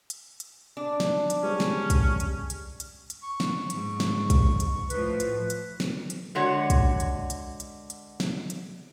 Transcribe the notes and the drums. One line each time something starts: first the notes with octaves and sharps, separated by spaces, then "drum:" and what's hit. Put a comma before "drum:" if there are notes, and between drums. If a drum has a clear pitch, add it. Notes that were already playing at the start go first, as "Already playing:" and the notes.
drum: hi-hat
drum: hi-hat
D4
drum: snare
drum: hi-hat
G3 G#3 C#4 C#5
drum: snare
drum: kick, hi-hat
drum: hi-hat
drum: hi-hat
drum: hi-hat
drum: hi-hat
C#6
drum: snare
G#2, drum: hi-hat
drum: snare
drum: kick, hi-hat
drum: hi-hat
A2 F3 B4, drum: hi-hat
drum: hi-hat
drum: hi-hat
drum: snare
drum: hi-hat
D3 G#3 F#4 C#5 D5
drum: kick, hi-hat
drum: hi-hat
drum: hi-hat
drum: hi-hat
drum: hi-hat
drum: snare
drum: hi-hat